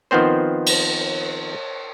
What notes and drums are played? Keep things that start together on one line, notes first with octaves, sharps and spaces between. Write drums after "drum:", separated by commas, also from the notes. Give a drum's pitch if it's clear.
D#3 F3 B3 C4 C5
drum: cymbal